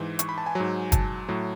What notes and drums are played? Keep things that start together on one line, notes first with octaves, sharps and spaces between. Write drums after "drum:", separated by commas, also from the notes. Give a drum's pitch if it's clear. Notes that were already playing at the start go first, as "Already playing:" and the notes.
Already playing: G#2 E3
C#6, drum: hi-hat
B5
A5
G#5
G#2 F#3
A5, drum: kick, hi-hat
A2 F#3